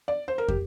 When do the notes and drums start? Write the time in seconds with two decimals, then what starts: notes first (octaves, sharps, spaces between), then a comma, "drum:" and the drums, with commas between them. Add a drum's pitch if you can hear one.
0.08 D5
0.28 C5
0.38 A#4
0.48 G4, drum: kick